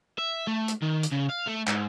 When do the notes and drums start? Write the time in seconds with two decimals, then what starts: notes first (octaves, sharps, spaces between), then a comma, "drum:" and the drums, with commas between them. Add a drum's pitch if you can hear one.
0.18 E5
0.48 A3
0.68 drum: hi-hat
0.83 D#3
1.03 drum: hi-hat
1.12 C#3
1.30 F5
1.48 A3
1.68 G#2, drum: clap